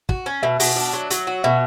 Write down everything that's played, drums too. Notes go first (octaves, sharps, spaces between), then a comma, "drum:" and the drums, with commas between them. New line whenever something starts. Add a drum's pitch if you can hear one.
F#4, drum: kick
C#4
B2 E5
B2, drum: open hi-hat
D4
F#3
F#3, drum: hi-hat
F#4
B2 E5